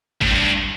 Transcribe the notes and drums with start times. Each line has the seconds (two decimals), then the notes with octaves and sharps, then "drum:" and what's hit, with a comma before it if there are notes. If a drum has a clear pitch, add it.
0.21 A2, drum: kick
0.30 G2